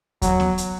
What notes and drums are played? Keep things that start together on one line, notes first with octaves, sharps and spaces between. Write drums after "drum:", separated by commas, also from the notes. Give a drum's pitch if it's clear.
F#3, drum: kick D#2, hi-hat
drum: snare B3
drum: hi-hat